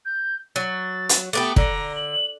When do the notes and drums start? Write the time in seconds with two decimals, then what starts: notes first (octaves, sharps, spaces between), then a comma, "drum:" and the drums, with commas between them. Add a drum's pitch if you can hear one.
0.05 G6
0.56 F#3 A6
1.09 drum: hi-hat
1.33 A3 B3 G4 D6
1.56 D3 A#5, drum: kick
1.95 F#7